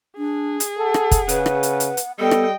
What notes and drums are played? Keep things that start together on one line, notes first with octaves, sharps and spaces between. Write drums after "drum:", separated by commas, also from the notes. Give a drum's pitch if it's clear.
D4 G#4
drum: hi-hat
A4 F#5
drum: rim click
drum: kick, hi-hat
C#3 B4, drum: hi-hat
drum: rim click
drum: hi-hat
drum: hi-hat
drum: hi-hat
G3 B3 A4 D#5 G5
drum: rim click